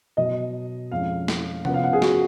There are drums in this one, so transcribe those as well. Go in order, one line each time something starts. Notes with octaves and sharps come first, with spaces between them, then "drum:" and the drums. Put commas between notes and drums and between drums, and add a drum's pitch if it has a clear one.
B2 F#3 B3 D#5
F2 F3 G#3 C#4 F5
drum: snare
C#3 F3 B3 F#5, drum: tom C3
F5
F#5
G#4
F#4, drum: snare